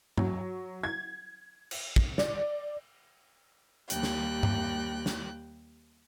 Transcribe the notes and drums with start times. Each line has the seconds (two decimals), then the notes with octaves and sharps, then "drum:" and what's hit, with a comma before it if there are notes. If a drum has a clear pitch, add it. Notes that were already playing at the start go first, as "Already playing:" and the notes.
0.17 F#3, drum: tom G2
0.83 G#6
1.71 drum: cymbal
1.96 drum: kick
2.18 D5, drum: snare
3.90 D#2 G3 G5 F#6, drum: hi-hat
4.03 drum: snare
4.43 drum: tom G2
5.06 drum: snare